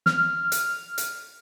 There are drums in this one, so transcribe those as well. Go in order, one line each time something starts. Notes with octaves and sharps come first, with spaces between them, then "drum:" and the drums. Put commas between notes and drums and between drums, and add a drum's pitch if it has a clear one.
F6, drum: snare
drum: hi-hat
drum: hi-hat